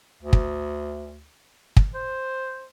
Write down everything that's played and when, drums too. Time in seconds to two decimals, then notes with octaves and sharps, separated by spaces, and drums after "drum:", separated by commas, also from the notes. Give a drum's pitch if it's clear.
0.23 D2
0.33 drum: kick
1.77 drum: kick
1.94 C5